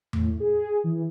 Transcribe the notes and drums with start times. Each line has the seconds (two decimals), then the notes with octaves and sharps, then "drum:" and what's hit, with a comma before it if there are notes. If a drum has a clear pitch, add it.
0.13 A2, drum: tom E2
0.40 G#4
0.84 E3